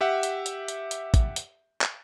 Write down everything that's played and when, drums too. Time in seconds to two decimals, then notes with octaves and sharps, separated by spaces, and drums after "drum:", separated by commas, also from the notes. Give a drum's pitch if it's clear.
0.01 G4 E5 F#5
0.23 drum: hi-hat
0.46 drum: hi-hat
0.68 drum: hi-hat
0.91 drum: hi-hat
1.14 drum: kick A1, hi-hat
1.36 drum: hi-hat
1.82 drum: clap